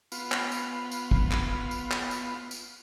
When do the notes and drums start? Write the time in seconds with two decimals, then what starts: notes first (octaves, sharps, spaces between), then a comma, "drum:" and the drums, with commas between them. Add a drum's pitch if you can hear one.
0.12 B3 F4, drum: tambourine
0.32 drum: clap
0.52 drum: tambourine
0.91 drum: tambourine
1.11 drum: kick
1.31 drum: clap
1.71 drum: tambourine
1.91 drum: clap
2.11 drum: tambourine
2.51 drum: tambourine